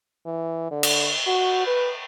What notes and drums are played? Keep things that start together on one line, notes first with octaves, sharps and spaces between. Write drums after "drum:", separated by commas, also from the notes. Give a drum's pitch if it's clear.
E3
D3
drum: cymbal
F#4
B4